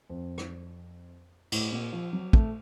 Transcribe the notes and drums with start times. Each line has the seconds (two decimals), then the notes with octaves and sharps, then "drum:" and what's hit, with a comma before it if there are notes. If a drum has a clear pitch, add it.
0.10 F2
0.38 drum: rim click
1.52 A2, drum: cymbal
1.72 A#2
1.93 F3
2.13 F#3
2.33 A3, drum: kick